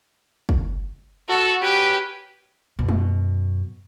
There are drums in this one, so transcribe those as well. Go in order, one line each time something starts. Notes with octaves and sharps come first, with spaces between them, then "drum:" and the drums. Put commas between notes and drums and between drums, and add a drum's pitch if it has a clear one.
drum: kick
F#4 A4
C#4 G4 B4
F#2 B2
drum: tom G3